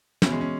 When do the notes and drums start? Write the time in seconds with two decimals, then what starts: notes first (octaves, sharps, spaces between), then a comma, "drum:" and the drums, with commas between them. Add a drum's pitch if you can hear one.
0.22 E3 B3 C#4 F#4, drum: snare
0.32 G#3
0.41 C#4